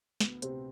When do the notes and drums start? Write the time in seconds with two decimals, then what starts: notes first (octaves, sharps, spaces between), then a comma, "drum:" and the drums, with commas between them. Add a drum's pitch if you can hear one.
0.20 D2 B3, drum: snare
0.42 C3 C4, drum: hi-hat